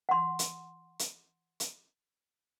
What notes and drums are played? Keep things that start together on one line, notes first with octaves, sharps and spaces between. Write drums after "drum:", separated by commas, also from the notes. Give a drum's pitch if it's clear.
F#5 C6
drum: hi-hat
drum: hi-hat
drum: hi-hat